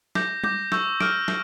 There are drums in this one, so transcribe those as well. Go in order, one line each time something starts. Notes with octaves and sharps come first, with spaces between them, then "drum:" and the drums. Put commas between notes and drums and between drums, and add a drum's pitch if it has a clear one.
D6 G6 A#6, drum: snare
D6 G6 A#6, drum: tom G3
C#6 E6 G6, drum: snare
D6 F6 D7, drum: snare
G6, drum: snare